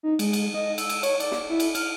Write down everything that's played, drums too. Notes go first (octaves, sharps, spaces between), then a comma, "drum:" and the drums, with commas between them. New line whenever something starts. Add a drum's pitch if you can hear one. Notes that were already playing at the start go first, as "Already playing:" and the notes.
D#4
G#3, drum: cymbal
drum: cymbal
D#5
E6, drum: cymbal
drum: cymbal
C#5, drum: cymbal
D5, drum: cymbal
drum: snare
E4
drum: cymbal
F6, drum: cymbal